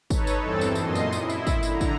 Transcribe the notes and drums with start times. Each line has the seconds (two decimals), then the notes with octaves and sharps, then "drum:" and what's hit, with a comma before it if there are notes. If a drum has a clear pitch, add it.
0.10 D#4 A4 B4 C#5, drum: kick, tambourine
0.27 drum: tambourine
0.40 E2 G2 E3 C4 A4 A6
0.61 drum: tambourine
0.75 F#2 A#2 D#5 C6, drum: tambourine
0.95 drum: tambourine
1.12 E4, drum: tambourine
1.30 drum: tambourine
1.47 drum: kick, tambourine
1.63 D3 A#5, drum: tambourine
1.81 drum: kick, tambourine